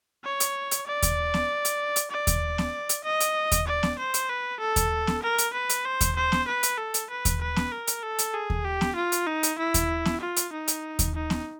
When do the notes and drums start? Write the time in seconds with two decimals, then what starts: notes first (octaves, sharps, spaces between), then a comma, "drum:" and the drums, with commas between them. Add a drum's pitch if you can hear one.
0.24 C#5
0.40 drum: hi-hat
0.71 drum: hi-hat
0.87 D5
1.03 drum: kick D#2, hi-hat
1.34 drum: snare B3
1.65 drum: hi-hat
1.96 drum: hi-hat
2.11 D5
2.27 drum: kick D#2, hi-hat
2.58 drum: snare B3
2.89 drum: hi-hat
3.04 D#5
3.21 drum: hi-hat
3.52 drum: kick D#2, hi-hat
3.67 D5
3.83 drum: snare B3
3.99 C5
4.14 drum: hi-hat
4.29 B4
4.60 A4
4.76 drum: kick D#2, hi-hat
5.07 drum: snare B3
5.22 A#4
5.38 drum: hi-hat
5.54 B4
5.70 drum: hi-hat
5.85 C5
6.01 drum: kick D#2, hi-hat
6.16 C5
6.32 drum: snare B3
6.48 B4
6.63 drum: hi-hat
6.78 A4
6.94 drum: hi-hat
7.10 B4
7.25 drum: kick D#2, hi-hat
7.41 B4
7.56 drum: snare B3
7.72 A#4
7.88 drum: hi-hat
8.03 A4
8.19 drum: hi-hat
8.34 G#4
8.50 drum: kick D#2
8.65 G4
8.81 drum: snare B3
8.96 F4
9.12 drum: hi-hat
9.27 D#4
9.43 drum: hi-hat
9.59 E4
9.74 drum: kick D#2, hi-hat
10.05 drum: snare B3
10.21 F4
10.37 drum: hi-hat
10.53 D#4
10.68 drum: hi-hat
10.99 drum: kick D#2, hi-hat
11.15 D#4
11.30 drum: snare B3